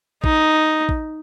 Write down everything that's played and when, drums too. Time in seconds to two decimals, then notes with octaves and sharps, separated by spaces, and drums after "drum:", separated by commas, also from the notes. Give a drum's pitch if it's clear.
0.24 D#4, drum: kick A1
0.89 drum: kick A1